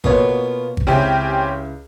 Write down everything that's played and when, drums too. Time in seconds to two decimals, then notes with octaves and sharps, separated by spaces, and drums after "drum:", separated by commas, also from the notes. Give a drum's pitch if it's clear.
0.04 B2 A#3 B3 F4 C#5, drum: kick G#1
0.77 drum: kick G#1
0.87 C#2 C4 C#4 E4 G4